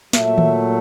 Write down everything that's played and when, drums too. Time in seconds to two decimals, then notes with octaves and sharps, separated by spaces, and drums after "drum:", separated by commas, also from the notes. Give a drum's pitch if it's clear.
0.13 A#2 F#3 A3 E5, drum: snare
0.38 drum: tom D#3